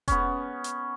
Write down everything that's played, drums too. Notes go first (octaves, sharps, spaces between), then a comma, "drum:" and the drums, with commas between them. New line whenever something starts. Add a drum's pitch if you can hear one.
B3 C#4, drum: kick E1, hi-hat
drum: hi-hat